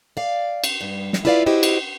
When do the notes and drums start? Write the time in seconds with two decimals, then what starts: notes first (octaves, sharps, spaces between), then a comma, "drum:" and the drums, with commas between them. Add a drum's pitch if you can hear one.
0.17 D5 F5
0.64 drum: cymbal
0.81 G2
1.13 drum: snare
1.25 E4 F4 B4 D5 D#5 F5
1.46 E4 F#4 G4 C5 D#5
1.63 drum: cymbal